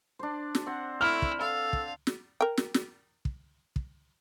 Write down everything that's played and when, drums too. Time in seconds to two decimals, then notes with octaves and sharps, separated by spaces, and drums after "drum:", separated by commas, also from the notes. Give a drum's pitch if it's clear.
0.19 D4 C5
0.55 drum: snare
0.66 C4 F#5
1.01 A3 E4 F6
1.22 drum: kick
1.41 A4 F5 A5
1.73 drum: kick
2.07 drum: snare
2.41 A#4 G5
2.57 drum: snare
2.74 drum: snare
3.25 drum: kick
3.76 drum: kick